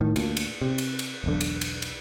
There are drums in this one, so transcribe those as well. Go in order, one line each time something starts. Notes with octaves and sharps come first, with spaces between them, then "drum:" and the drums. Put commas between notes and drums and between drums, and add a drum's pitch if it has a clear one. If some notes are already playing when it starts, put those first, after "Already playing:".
A2 D#3
D2 A#2, drum: cymbal
drum: cymbal
C3
drum: cymbal
drum: cymbal
E1 B1 D3
drum: cymbal
drum: cymbal
drum: cymbal